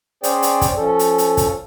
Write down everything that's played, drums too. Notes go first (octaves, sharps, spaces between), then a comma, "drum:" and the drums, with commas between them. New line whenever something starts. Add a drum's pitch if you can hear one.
C#4 G#4 C5 D5 G5, drum: hi-hat
drum: hi-hat
drum: kick, hi-hat
F3 C#4 A4
drum: hi-hat
drum: hi-hat
drum: kick, hi-hat